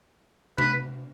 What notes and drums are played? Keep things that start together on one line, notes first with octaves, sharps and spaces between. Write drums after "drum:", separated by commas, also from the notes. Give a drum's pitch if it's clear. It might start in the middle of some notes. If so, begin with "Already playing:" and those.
B4, drum: tom